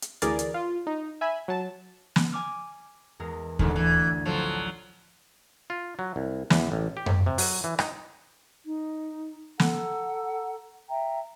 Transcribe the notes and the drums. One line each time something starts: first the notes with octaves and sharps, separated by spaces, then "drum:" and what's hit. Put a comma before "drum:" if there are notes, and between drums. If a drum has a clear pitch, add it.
drum: hi-hat
D2 E3 G#4 A#4 D5 A6, drum: hi-hat
drum: hi-hat
F4
D#4
E5 G#5 B5
F#3 A5
drum: snare
G#5 D6 F6
E2 G#3 A#4
A1 D2 G#2 G#4, drum: kick D#2
E3
D2 F3 F#3 A4
F4
F#3
C2
E2, drum: snare
A1
G4
drum: tom F#2
C3
F#3, drum: open hi-hat
E3
D#4, drum: rim click
D#4
A4 F#5 A#5 E6, drum: snare
E5 G5 A#5